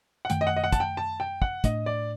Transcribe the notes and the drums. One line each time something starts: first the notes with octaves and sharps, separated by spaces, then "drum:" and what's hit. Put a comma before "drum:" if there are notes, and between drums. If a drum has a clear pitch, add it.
F#5
F#2 D#3 A3 G5, drum: hi-hat
D#5
F#5
D#5
F#5
A5, drum: kick, hi-hat
G5
A5
G5
F#5, drum: kick
A2 A3 D4 D#5, drum: kick, hi-hat
D5